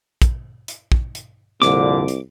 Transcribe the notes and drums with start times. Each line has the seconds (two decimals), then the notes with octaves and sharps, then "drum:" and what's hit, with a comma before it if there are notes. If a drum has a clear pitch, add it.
0.22 drum: kick, hi-hat
0.68 drum: hi-hat
0.92 drum: kick
1.15 drum: hi-hat
1.62 C2 F2 A#2 D3 D6, drum: snare
2.08 drum: hi-hat